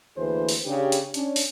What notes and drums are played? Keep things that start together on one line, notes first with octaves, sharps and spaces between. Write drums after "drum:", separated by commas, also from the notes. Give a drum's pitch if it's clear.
D2 E3 A#3 G#4 B4 C5
drum: open hi-hat
C#3 D4 G4
drum: hi-hat
C#4 D4, drum: hi-hat
drum: open hi-hat